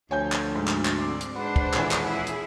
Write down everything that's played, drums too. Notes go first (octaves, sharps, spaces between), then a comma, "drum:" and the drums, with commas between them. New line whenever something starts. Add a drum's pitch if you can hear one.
D2 F3 C#5 G#5 G6
drum: clap
G#2
drum: clap
drum: clap
C4 D5
drum: hi-hat
G#3 D4 B4 C5 F#5
drum: kick
D#1 E3, drum: clap
drum: clap
E4 G#4
drum: hi-hat